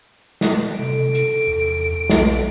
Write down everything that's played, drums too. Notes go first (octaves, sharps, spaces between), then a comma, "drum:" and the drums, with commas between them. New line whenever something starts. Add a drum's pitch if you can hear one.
drum: snare
C3 A4 D7
drum: hi-hat
E2
B1 A4, drum: snare